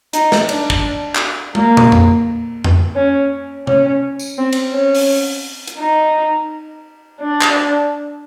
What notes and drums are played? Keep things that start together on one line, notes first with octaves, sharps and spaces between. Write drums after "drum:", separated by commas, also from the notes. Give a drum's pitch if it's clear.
D#4, drum: hi-hat
drum: snare
D4, drum: cymbal
drum: kick
drum: clap
A#3, drum: tom
drum: tom
drum: tom F2
drum: tom F2
C#4
C#4, drum: tom C3
drum: tambourine
C4
drum: cymbal
C#4
drum: open hi-hat
drum: hi-hat
D#4
D4
drum: clap